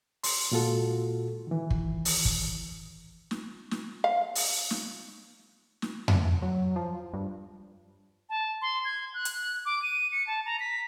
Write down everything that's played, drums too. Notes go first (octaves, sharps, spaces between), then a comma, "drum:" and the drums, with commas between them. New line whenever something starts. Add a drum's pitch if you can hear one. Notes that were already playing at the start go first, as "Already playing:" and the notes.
C6, drum: open hi-hat
A#2 G#3 F4 F#4 A4
D#3 E3
drum: kick
drum: open hi-hat
drum: kick
drum: snare
drum: snare
F5
drum: open hi-hat
drum: snare
drum: snare
drum: tom F2
F#3
F3
G2
A5
C6
G#6
F#6
drum: hi-hat
D6
D#7
C#7
A5
A#5
B6